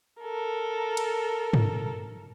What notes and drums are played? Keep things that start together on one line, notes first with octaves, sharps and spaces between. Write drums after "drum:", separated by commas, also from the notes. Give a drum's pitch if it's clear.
A4 A#4
drum: cymbal
drum: tom